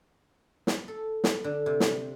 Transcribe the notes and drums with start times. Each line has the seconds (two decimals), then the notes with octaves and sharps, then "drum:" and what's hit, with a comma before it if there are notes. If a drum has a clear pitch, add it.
0.67 drum: snare
0.88 A4
1.24 drum: snare
1.44 D3
1.66 C3
1.80 drum: snare